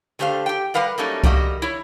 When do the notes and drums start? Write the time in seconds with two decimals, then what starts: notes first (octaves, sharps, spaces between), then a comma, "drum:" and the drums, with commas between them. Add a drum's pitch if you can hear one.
0.19 D3 A3 G4 C5 F5
0.46 G4 G5
0.74 G3 A#4 B4 F5 F#5
0.98 F#3 G3 A3 A#3 C#4 D#4
1.24 G2 G3 A#3 F#4 D#5, drum: kick C2
1.62 E4 C#5